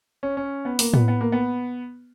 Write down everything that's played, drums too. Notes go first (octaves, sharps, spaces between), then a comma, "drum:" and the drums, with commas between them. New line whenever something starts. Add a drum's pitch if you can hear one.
C#4
C#4
B3
A#3, drum: open hi-hat
B3, drum: tom A2
B3
A#3
B3